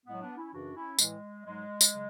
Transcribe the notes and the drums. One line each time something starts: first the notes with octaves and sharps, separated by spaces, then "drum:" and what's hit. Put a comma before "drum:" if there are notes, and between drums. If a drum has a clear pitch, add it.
A2 F#3 G#3 B3
B3 D4
C#4 E4
F#2 C#3 E3 D4 F#4
C#4 E4
A2 E3 G#3, drum: tambourine
G#2 F#3 G#3
drum: tambourine
C#3 F#3